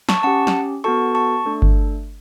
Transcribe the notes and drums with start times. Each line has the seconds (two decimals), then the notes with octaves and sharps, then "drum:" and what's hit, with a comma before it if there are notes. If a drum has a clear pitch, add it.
0.09 A5 C#6, drum: snare
0.23 C#4 G4 F#5 A5
0.47 drum: snare
0.84 B3 F#4 A4 A5 C#6
1.15 A5 C#6
1.45 A3 D4 A4
1.62 drum: kick G1